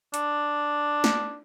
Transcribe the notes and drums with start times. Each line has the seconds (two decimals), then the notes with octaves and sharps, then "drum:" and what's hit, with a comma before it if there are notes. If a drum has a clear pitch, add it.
0.14 D4, drum: hi-hat
1.04 drum: snare